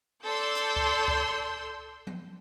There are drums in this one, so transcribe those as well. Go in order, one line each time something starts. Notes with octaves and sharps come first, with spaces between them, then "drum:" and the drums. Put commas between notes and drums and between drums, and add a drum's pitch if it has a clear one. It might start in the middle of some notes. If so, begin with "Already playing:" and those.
A4 D5 C6 E6 G6
drum: hi-hat
drum: kick C#2
drum: kick C#2
drum: tom F3